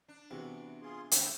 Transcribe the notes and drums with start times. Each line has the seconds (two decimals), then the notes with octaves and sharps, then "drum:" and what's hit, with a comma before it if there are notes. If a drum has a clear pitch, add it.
0.08 D4
0.31 E2 C3 E3 B3 F#4
0.82 F4 G#4 C6
1.11 C#3 E5 G5, drum: hi-hat